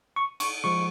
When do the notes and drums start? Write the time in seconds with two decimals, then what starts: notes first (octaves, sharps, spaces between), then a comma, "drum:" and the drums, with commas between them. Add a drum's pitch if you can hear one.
0.16 C#6
0.40 C#6, drum: cymbal
0.64 F3 G#3 C#6